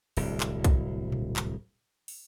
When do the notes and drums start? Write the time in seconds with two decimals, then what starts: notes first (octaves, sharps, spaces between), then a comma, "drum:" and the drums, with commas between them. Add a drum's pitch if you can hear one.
0.17 D1 C2, drum: open hi-hat
0.41 drum: clap
0.64 drum: kick B1, hi-hat
1.12 drum: tom A#2
1.36 drum: clap
2.08 drum: open hi-hat